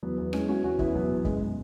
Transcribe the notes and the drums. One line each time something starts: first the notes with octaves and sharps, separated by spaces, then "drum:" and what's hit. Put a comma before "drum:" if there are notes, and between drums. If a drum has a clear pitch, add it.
E2 F#3 B3
E2
E3 G#3 C#4, drum: rim click
E3 C#4 F#4
E2 C#4 F#4
E2 B3 E4, drum: kick
B2 F#3 B3
B2
F#2 G#3, drum: kick